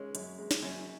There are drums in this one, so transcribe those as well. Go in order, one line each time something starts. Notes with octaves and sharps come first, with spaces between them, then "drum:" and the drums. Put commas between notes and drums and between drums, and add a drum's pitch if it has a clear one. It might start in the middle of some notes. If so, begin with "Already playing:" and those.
Already playing: G#3 C#4
F#2, drum: hi-hat
G#3
drum: snare
F#2